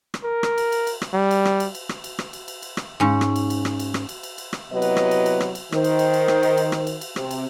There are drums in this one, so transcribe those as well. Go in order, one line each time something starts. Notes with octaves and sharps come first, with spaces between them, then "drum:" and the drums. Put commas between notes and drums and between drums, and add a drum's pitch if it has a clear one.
drum: rim click
A#4
drum: rim click
drum: cymbal
drum: cymbal
drum: cymbal
drum: rim click
G3
drum: cymbal
drum: rim click
drum: cymbal
drum: cymbal
drum: rim click
drum: cymbal
drum: rim click
drum: cymbal
drum: cymbal
drum: cymbal
drum: rim click
G#2 C#4
drum: rim click
drum: cymbal
drum: cymbal
drum: rim click
drum: cymbal
drum: rim click
drum: cymbal
drum: cymbal
drum: cymbal
drum: rim click
C3 F#3 B3 E4 B4 D#5
drum: cymbal
drum: rim click
drum: cymbal
drum: cymbal
drum: rim click
drum: cymbal
D#3 C5, drum: rim click
drum: cymbal
drum: cymbal
drum: cymbal
drum: rim click
drum: cymbal
drum: cymbal
drum: rim click
drum: cymbal
drum: cymbal
C3, drum: rim click
drum: cymbal